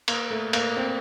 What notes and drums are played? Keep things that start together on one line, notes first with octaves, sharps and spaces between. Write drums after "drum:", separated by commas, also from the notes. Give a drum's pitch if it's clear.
A#3, drum: cymbal
A3
A#3, drum: cymbal
C4